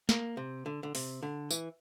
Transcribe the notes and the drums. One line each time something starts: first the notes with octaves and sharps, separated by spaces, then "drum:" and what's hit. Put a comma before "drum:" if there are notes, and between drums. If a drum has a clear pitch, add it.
A#3, drum: snare
C3
D3
D3
C3, drum: open hi-hat
D3
E3, drum: tambourine